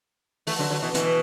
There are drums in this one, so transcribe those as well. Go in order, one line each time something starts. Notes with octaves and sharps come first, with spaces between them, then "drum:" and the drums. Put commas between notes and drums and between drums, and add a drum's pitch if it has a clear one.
E3 A3, drum: open hi-hat
D3 F#3
D3 F#3
B2 E3
B2 E3, drum: hi-hat